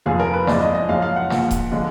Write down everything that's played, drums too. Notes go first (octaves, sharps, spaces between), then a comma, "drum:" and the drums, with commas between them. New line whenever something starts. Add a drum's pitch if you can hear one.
F1 F2 F3 G#4
A#4
B4
F#1 F2 F3 G#3 D5, drum: snare
D#5
D#5
F#1 F#2 F3 G#3 F5
F5
F#5
A#1 A#2 F3, drum: snare
drum: kick D#1, hi-hat
D3 F3 G#3